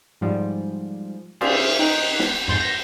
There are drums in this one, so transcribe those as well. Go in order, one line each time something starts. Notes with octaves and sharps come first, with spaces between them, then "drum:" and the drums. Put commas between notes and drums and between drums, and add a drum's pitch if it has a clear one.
G#2 F3 G3
G#4 C5 D5 E5 F5, drum: cymbal
D#4 G5 F#6
drum: snare
F2 G#2 C6 G6 A6
G6 A#6